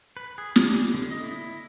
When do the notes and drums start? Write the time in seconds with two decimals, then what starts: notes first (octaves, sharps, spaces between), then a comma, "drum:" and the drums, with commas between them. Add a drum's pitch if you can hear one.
0.17 B4
0.38 G#4
0.56 G3, drum: snare
0.94 D3
1.11 D#5
1.24 E4